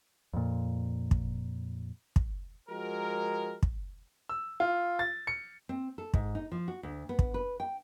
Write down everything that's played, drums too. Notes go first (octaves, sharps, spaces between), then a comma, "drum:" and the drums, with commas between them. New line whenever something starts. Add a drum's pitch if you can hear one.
F2 A#2
drum: kick
drum: kick
F3 G#3 F#4 A#4
drum: kick
E6
F4
A6
C#7
C4
A4
G#2, drum: kick
D#4
F3
F#4
D2
B3
drum: kick
B4
G5